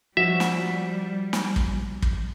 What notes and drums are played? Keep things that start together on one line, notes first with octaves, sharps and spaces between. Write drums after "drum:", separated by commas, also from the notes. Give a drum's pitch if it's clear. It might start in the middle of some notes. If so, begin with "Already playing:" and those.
F3 G3 F#4 E5
drum: snare
drum: snare
drum: kick
drum: kick